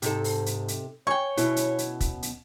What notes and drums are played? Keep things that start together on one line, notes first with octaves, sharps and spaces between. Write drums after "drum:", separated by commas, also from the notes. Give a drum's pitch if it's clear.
G#2 C3 D#4 A4, drum: hi-hat
drum: open hi-hat
drum: hi-hat
drum: hi-hat
C#5 G5 G#5 C#6 G#6
B2 C#4 E4, drum: hi-hat
drum: hi-hat
drum: hi-hat
drum: kick, hi-hat
drum: hi-hat